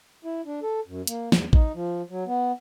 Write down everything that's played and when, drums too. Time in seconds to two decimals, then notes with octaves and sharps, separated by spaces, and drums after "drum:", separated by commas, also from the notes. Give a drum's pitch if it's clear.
0.25 E4
0.46 D4
0.63 A4
0.87 F#2
1.07 A#3, drum: hi-hat
1.32 E2, drum: snare
1.53 D#4, drum: kick A1
1.75 F3
2.10 F#3
2.27 B3